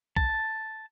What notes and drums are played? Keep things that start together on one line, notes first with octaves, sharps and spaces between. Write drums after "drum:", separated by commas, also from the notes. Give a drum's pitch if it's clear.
A5, drum: kick